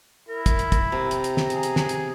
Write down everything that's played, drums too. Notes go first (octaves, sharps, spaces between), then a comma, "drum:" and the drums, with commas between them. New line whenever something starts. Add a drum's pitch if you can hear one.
E4 A#4
drum: kick, hi-hat
drum: hi-hat
drum: kick, hi-hat
C3 A#5
drum: hi-hat
drum: hi-hat
drum: snare
G#4, drum: hi-hat
drum: hi-hat
drum: snare
drum: hi-hat